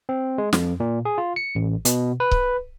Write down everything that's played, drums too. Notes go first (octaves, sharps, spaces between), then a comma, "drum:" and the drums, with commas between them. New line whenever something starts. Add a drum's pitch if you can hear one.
C4
G#3
F2, drum: snare
A#2
G#4
F4
C#7
A1
B2, drum: hi-hat
B4
drum: kick C#1